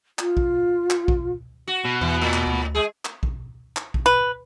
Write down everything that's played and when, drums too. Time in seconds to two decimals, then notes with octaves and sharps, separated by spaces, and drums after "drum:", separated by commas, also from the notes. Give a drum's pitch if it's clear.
0.19 F4, drum: clap
0.37 drum: kick A#1
0.90 drum: clap
1.08 drum: kick A#1
1.68 F#4
1.85 B2
2.01 E2 E3
2.21 A2
2.33 drum: clap
2.46 D2
2.75 G#3 G#4
3.05 drum: clap
3.23 drum: kick A#1
3.76 drum: clap
3.94 drum: kick A#1
4.06 B4